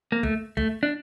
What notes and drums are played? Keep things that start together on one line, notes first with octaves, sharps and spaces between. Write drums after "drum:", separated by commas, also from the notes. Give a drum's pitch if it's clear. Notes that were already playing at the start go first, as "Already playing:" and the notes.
A#3
A3, drum: kick
A3, drum: kick
D4